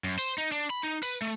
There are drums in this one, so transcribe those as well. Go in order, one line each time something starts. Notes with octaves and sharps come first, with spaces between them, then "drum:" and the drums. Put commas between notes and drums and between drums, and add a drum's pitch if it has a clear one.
F#2
C5, drum: tambourine
D#4
D4
B5
D#4
B4, drum: tambourine
A3